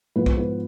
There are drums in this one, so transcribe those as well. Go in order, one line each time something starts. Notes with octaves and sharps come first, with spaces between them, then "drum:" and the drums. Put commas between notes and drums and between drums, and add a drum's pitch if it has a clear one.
G#2 F3 B3 B4
C5, drum: kick B1
B4